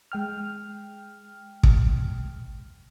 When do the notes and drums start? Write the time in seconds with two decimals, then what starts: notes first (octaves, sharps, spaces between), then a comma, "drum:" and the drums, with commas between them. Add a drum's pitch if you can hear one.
0.12 G#3 G5 F6
1.63 drum: kick